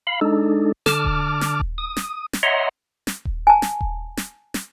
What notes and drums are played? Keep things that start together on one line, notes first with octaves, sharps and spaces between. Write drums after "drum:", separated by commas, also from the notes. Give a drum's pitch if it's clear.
F5 B5
G#3 D4 D#4 A4
D3 A5 D6 F6, drum: snare
drum: kick D#1
drum: snare
drum: kick D#1
D#6
drum: snare
drum: snare
C#5 D#5 E5 F#5 A#5 C6
drum: snare
drum: kick D#1
G#5 A5
drum: snare
drum: kick D#1
drum: snare
drum: snare